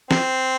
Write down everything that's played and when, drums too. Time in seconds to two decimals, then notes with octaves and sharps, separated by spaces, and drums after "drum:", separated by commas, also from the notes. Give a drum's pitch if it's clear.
0.11 C4, drum: snare